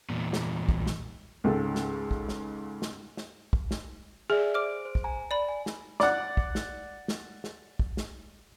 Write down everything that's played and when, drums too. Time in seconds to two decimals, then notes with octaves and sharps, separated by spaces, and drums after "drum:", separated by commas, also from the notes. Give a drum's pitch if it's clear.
0.10 E2 A#2
0.33 drum: snare
0.69 drum: kick
0.86 drum: snare
1.44 C#2 G#2 C#3 A4
1.75 drum: snare
2.11 drum: kick
2.29 drum: snare
2.82 drum: snare
3.17 drum: snare
3.53 drum: kick
3.71 drum: snare
4.30 G#4 D5 E5 G#5
4.54 C5 D6 F6 D7
4.85 C5
4.95 drum: kick
5.04 G#5 A#5
5.31 D5 B5
5.49 G#5
5.66 drum: snare
6.00 D5 F#5, drum: snare
6.37 drum: kick
6.55 drum: snare
7.08 drum: snare
7.44 drum: snare
7.79 drum: kick
7.97 drum: snare